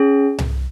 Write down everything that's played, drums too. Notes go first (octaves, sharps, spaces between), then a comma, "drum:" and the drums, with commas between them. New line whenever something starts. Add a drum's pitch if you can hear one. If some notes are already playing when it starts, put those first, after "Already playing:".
Already playing: C#4 G#4
drum: tom C2